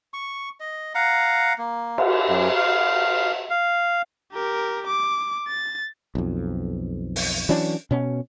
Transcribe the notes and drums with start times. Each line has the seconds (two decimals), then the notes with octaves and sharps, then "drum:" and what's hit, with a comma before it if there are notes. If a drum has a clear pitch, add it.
0.14 C#6
0.60 D#5
0.95 F5 F#5 A#5
1.58 A#3
1.98 drum: cymbal
2.29 F#2
2.56 F5
3.50 F5
4.33 G4 A#4
4.87 D6
5.48 A6
6.15 B1 F2
7.16 drum: open hi-hat
7.49 E3 F#3 C#4 D4
7.91 B2 C#4